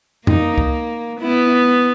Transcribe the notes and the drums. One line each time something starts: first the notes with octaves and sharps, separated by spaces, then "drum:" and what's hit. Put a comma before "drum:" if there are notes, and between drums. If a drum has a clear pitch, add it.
A#3 D#4, drum: tom F2
drum: kick C#2
B3 E4